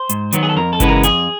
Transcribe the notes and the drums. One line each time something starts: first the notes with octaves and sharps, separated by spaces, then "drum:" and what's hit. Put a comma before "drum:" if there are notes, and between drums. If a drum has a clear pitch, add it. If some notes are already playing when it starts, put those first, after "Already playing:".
Already playing: C5
G#2, drum: hi-hat
D#3 F#3 B3, drum: hi-hat
G#4
A4
F2 A#4
A4
C#3 E3 G#3 B3, drum: kick G1, hi-hat
A#4
F2 G#4, drum: hi-hat